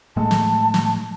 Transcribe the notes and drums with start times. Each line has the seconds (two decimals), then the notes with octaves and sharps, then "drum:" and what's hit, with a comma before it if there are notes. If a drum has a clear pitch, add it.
0.16 A2 G#3 A3 A5
0.31 drum: snare
0.74 drum: snare